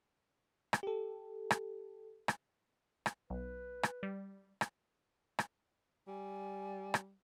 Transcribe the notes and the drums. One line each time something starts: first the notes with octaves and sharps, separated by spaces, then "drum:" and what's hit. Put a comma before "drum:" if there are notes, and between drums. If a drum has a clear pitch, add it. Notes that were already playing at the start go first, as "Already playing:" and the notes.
drum: rim click
G4 A4
drum: rim click
drum: rim click
drum: rim click
B1 B4
drum: rim click
G3
drum: rim click
drum: rim click
G3 G#5
drum: rim click